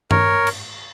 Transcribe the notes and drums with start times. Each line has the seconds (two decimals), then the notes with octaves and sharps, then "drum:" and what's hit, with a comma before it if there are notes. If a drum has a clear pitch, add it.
0.11 A#4 C#5, drum: tom G2
0.47 drum: cymbal